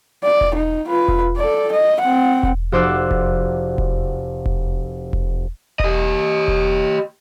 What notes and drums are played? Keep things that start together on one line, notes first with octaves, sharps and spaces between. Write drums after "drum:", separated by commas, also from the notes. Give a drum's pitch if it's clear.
D5
drum: kick E1
D#4
F4 B4
drum: kick E1
A4 D5
D#5
C4 F#5
drum: kick E1
F1 F#4 C5 D5 E6 F#6
drum: kick E1
drum: kick E1
drum: kick E1
drum: kick E1
G4 D#5, drum: kick E1
drum: kick E1